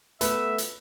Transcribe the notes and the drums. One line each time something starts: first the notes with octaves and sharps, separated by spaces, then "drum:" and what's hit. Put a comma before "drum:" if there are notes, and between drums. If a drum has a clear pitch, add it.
A3 B3 B4 E5, drum: hi-hat
drum: hi-hat